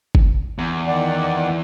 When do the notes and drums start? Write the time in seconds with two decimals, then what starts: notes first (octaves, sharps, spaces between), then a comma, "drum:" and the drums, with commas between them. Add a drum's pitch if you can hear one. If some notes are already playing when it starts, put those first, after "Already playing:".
0.15 drum: kick
0.58 E2
0.87 D#3 D5 F#5